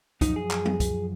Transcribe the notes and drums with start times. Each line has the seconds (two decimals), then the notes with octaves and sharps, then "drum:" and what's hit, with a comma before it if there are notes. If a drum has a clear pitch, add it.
0.21 F#2 F3 D#4, drum: kick, hi-hat
0.36 G#4
0.51 drum: clap
0.65 drum: tom F#3
0.80 drum: kick, hi-hat